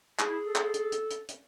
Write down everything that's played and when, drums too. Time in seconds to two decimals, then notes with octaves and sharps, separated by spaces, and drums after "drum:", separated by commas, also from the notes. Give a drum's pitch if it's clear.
0.19 G#4, drum: clap
0.28 E4
0.46 A4
0.55 drum: clap
0.74 drum: hi-hat
0.92 drum: hi-hat
1.10 drum: hi-hat
1.29 drum: hi-hat